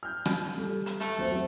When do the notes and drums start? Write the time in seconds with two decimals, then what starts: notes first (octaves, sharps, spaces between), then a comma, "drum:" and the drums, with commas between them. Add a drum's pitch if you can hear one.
0.03 F6 G6
0.25 drum: rim click
0.58 G3 A4
0.86 drum: hi-hat
1.00 A3, drum: hi-hat
1.18 E1 B1 C5
1.30 C4 F#4 E5